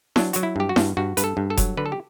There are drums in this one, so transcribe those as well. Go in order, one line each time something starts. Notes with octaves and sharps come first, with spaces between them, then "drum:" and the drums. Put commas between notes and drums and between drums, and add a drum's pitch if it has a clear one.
F#3 D4, drum: snare E4
F#3 F#4, drum: hi-hat
E4
G2 G4
F#4
G2, drum: snare E4
G2 F#4
G2 B4, drum: hi-hat
A4
G2
A4
F#3, drum: kick F1, hi-hat
D3 B4
A4
G4